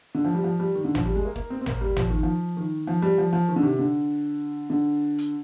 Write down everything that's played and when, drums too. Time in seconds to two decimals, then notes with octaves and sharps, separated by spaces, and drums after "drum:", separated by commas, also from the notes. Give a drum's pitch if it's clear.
0.15 D3
0.25 F3
0.35 G3
0.44 F3
0.60 G3
0.75 D#3
0.85 D3
0.95 F3, drum: tom
1.05 G3
1.15 G#3
1.25 A#3
1.36 A#3, drum: kick
1.50 C4
1.61 C4
1.66 A#3, drum: tom
1.81 G3
1.96 F3, drum: tom
2.10 D#3
2.23 F3
2.57 D#3
2.87 F3
3.02 G3
3.18 F3
3.33 F3
3.48 D#3
3.56 D3
3.63 C3
3.79 D3
4.70 D3
5.18 drum: hi-hat